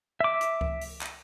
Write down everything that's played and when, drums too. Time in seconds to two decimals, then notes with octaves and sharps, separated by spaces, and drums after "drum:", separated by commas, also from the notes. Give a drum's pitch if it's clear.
0.20 E5 D6
0.41 drum: hi-hat
0.61 drum: kick C#2
0.81 drum: open hi-hat
1.01 drum: clap